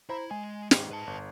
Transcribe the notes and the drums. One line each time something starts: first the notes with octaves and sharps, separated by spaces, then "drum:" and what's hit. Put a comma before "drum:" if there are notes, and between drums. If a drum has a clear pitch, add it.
E4 C5 A#5 B5
G#3 G#5
D#2 G#2 C#4, drum: snare
B4 A5
G1